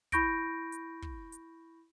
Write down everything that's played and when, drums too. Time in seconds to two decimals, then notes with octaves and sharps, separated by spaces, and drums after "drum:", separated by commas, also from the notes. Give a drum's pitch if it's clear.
0.12 E4 B5 C#6 G6 A#6 D7, drum: kick, hi-hat
0.72 drum: hi-hat
1.02 drum: kick
1.32 drum: hi-hat